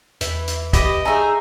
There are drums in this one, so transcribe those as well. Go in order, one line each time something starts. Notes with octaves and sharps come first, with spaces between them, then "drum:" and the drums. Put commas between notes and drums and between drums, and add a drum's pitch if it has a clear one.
E2 E3 E4 B4, drum: hi-hat
drum: hi-hat
E4 G4 D#5, drum: kick, hi-hat
A3 D#4 G#4 E5 G#5 A#5